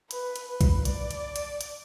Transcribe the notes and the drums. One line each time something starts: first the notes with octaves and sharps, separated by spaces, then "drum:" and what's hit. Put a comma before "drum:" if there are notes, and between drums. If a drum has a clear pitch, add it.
B4, drum: hi-hat
drum: hi-hat
B4
drum: kick, hi-hat
D5, drum: hi-hat
drum: hi-hat
drum: hi-hat
drum: hi-hat